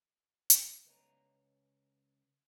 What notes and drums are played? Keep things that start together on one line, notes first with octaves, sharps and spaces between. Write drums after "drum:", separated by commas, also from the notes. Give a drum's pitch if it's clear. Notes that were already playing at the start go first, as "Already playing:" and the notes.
drum: hi-hat
C#2 B4 C#5 D#5 A#5